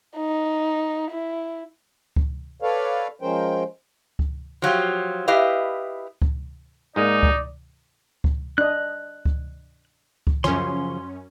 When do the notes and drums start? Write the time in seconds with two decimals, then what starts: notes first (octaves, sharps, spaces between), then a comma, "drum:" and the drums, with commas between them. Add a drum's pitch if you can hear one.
0.17 D#4
1.11 E4
2.16 drum: kick C#2
2.62 A4 B4 C#5 D5 F5
3.22 F3 G#3 C#4 A#4 C5 G5
4.19 drum: kick C#2
4.62 F3 F#3 F4 G4
5.28 E4 G4 B4 D#5 F5
6.22 drum: kick C#2
6.96 G#2 G#3 A#3 D#4 D5
7.23 drum: kick C#2
8.24 drum: kick C#2
8.58 D4 D#5 F#6
9.25 drum: kick C#2
10.27 drum: kick C#2
10.44 F#2 C#3 F3 C#4 C6